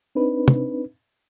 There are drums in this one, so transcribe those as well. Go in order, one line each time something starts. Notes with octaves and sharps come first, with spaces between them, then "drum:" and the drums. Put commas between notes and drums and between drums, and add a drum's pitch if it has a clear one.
C4 D4 D#4 B4
drum: tom